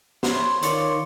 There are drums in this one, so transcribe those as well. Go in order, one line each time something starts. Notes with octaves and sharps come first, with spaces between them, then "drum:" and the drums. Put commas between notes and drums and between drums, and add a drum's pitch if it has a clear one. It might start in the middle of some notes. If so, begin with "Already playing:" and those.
B3 C5 C#5 C6, drum: snare
D#3 F4 C#5 D5, drum: hi-hat